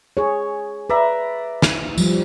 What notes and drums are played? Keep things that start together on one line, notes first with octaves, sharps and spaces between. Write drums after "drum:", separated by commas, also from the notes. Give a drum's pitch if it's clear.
G#4 C#5
B4 D5 E5 A#5
drum: snare
F3 G3, drum: tambourine